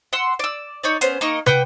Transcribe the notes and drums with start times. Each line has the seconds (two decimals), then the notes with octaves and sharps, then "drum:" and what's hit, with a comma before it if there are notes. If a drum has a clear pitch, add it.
0.13 F#5 C6 E6
0.39 D5 E6
0.83 D#4 C#5 D5
1.01 B3 C#4 C5, drum: hi-hat
1.21 A#3 D#4 D#5 C#6
1.46 B4 F#5 G5 D6, drum: tom